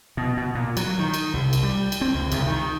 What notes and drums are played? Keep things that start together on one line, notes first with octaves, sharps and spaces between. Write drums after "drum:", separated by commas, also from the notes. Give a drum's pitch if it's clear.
B2
B2
A#2
F#3, drum: cymbal
D#3
drum: cymbal
C2
drum: cymbal
G3
drum: cymbal
C4
C#2
C2, drum: cymbal
D#3